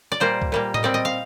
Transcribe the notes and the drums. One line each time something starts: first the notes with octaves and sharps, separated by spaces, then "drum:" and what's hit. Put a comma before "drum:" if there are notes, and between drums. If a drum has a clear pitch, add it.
D5
A#2 G3 A#3 C5
drum: kick C#2
A#2 G3 A#3
D#5, drum: tom A2
A#2 G3 C4 D5
D#5
F5